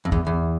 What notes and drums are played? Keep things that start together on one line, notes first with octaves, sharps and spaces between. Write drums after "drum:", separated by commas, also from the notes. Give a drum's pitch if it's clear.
F2
E2, drum: kick
E2